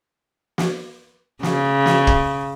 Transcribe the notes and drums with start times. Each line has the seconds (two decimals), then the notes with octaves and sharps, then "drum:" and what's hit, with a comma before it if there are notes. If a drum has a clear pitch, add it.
0.58 drum: snare
1.43 C#3, drum: snare
1.86 drum: snare
2.07 drum: kick